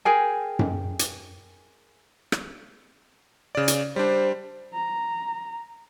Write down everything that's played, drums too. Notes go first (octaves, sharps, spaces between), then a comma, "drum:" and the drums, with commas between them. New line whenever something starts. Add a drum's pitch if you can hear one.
G#4 A#4 G5 G#5
drum: tom F#2
drum: hi-hat
drum: rim click
C#3 D5
drum: hi-hat
G3 D4 C5
A#5